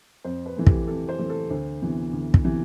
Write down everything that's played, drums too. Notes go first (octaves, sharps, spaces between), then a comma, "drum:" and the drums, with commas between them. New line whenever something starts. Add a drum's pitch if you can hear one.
F2 C5
B4
E3 A3 C4
G4, drum: kick
F2 A4
C5
E3 A3 C4
A4
D2 C5
C3 E3 B3
D2
drum: kick
C3 E3 B3